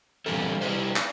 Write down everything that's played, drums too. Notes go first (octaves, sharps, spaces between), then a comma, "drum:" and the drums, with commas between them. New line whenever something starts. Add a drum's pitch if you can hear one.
E3 G3 C4 A4, drum: cymbal
G3 E4 G4 C5, drum: cymbal
drum: clap